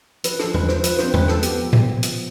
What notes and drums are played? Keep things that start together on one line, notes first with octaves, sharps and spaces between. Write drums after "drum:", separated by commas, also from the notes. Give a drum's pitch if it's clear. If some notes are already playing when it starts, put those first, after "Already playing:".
F3 B4, drum: hi-hat
F3 A4, drum: rim click
B4, drum: tom E2
F3
C5, drum: rim click
F3 B4, drum: hi-hat
C4 C5, drum: rim click
B4, drum: tom E2
F3
A4, drum: rim click
B3 G4, drum: hi-hat
F3
drum: tom A2
B3
F3, drum: hi-hat